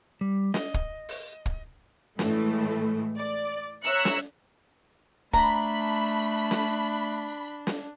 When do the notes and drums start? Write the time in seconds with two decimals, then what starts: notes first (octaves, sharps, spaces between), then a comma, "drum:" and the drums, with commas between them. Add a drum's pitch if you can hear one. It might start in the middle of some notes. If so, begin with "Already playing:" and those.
0.21 G3
0.54 D#5, drum: snare
0.74 drum: kick
1.09 drum: open hi-hat
1.46 drum: kick
2.19 A2 E3 G#3 A3, drum: snare
3.18 D5
3.84 C#5 E5 A#5 E6 F#6 C#7, drum: hi-hat
4.05 drum: snare
5.33 A3 D4 A#5 B5, drum: kick
6.51 drum: snare
7.67 drum: snare